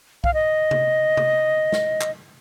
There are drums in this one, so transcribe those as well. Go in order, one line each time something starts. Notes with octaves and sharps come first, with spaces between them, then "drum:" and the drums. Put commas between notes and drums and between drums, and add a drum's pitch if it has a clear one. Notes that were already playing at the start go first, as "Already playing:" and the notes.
F5, drum: kick B1
D#5
drum: tom C3
drum: tom C3
drum: snare
drum: clap